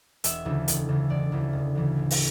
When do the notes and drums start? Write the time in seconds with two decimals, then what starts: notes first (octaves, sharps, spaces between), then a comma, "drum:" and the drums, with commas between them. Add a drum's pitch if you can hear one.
0.24 E1 E5, drum: hi-hat
0.45 D2 C#3 E3
0.68 E1, drum: hi-hat
0.88 D2 C#3 E3
1.10 E1 D5
1.32 D2 C#3 E3
1.53 E1
1.75 D2 C#3 E3
1.96 A1
2.11 drum: open hi-hat